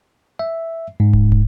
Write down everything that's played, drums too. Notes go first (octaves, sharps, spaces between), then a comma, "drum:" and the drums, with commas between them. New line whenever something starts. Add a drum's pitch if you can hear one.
E5
G#2
drum: kick
drum: kick